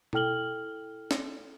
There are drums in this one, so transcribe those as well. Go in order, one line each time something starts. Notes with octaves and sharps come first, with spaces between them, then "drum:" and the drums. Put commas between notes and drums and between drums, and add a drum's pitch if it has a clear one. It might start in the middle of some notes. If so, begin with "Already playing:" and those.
E4 A4 G5 F6 F#7 G7, drum: tom B2
drum: snare